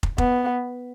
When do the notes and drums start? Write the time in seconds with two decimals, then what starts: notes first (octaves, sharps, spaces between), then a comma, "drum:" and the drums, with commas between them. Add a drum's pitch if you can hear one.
0.03 drum: kick
0.18 B3, drum: kick